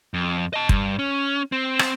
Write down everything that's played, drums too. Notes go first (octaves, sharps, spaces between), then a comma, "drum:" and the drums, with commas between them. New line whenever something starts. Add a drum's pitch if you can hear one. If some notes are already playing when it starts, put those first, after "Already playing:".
F2
D#5 A5
G2, drum: kick
C#4
C4
drum: rim click